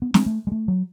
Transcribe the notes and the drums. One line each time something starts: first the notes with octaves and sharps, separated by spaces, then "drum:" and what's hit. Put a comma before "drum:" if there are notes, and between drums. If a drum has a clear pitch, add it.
B3
G#3, drum: snare
A3
G#3
A3
F#3